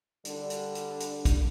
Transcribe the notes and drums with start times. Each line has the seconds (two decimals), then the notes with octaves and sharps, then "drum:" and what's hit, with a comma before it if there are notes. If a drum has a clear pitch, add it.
0.25 D3 G3 D4, drum: hi-hat
0.50 drum: hi-hat
0.75 drum: hi-hat
1.00 drum: hi-hat
1.25 drum: kick, hi-hat